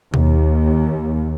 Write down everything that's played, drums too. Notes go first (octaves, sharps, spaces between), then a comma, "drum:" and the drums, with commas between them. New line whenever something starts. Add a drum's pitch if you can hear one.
D#2, drum: tom B2